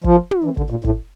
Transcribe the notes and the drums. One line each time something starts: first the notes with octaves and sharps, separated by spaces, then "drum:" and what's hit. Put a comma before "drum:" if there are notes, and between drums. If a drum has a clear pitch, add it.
F3, drum: kick
drum: tom
E3
D3, drum: kick
A#2
A2, drum: kick